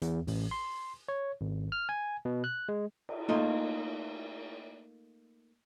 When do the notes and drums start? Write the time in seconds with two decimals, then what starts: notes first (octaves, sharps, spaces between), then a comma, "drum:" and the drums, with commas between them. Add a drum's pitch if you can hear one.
0.02 E2, drum: hi-hat
0.27 A1, drum: open hi-hat
0.51 C6
1.08 C#5
1.41 G#1
1.72 F6
1.89 G#5
2.25 B2
2.44 F#6
2.69 G#3
3.09 drum: cymbal
3.29 A3 A#3 D#4 F4 A4 D#5